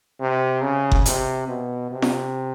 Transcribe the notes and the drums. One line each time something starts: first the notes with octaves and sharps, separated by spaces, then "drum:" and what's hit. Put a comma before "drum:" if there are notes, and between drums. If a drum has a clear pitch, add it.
C3
C#3
drum: kick F#1
C3, drum: hi-hat
B2
C3
drum: snare F4